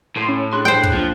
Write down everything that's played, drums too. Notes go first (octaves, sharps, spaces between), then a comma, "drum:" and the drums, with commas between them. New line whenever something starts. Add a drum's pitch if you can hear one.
A2 C6
C#4
D4 G#4 C6 F#6
C5 G5
drum: kick
F3 A#3 D4